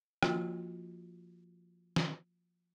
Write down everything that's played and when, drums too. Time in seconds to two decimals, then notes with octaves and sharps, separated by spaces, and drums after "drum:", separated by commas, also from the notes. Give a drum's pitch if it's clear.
0.23 F3 A#3 F4 F#4, drum: rim click
1.96 drum: snare